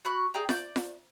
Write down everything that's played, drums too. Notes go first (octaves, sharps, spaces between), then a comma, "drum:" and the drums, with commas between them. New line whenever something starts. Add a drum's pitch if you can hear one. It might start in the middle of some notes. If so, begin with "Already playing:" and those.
F#4 B5 F#6
G#4 D5 G5 A#5
D5 G6, drum: snare F4
drum: snare F4